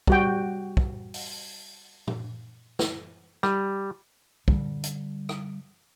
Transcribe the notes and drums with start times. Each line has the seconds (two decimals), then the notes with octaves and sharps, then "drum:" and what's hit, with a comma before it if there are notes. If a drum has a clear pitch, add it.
0.07 G3 F#4 G5, drum: kick
0.77 drum: kick
1.14 drum: open hi-hat
2.07 drum: tom A#2
2.79 drum: snare
3.43 G3, drum: rim click
4.48 D3 G3, drum: kick
4.84 drum: hi-hat
5.29 drum: rim click